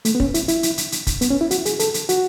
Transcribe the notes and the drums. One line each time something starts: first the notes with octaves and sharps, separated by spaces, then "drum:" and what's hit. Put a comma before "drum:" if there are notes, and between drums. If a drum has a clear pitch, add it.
A3, drum: hi-hat
B3
C#4, drum: kick
E4, drum: hi-hat
E4, drum: hi-hat
drum: hi-hat
drum: hi-hat
drum: hi-hat
drum: kick, hi-hat
B3, drum: hi-hat
C#4
E4
F#4, drum: hi-hat
G#4, drum: hi-hat
A4, drum: hi-hat
drum: hi-hat
F#4, drum: hi-hat